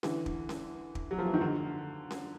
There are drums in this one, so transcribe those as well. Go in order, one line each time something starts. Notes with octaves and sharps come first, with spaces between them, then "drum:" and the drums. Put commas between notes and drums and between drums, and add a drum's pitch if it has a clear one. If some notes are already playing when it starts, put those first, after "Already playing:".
D3 E3, drum: snare C#4
drum: kick
drum: snare C#4
drum: kick
F#3
F3
E3
D#3
D3
drum: snare C#4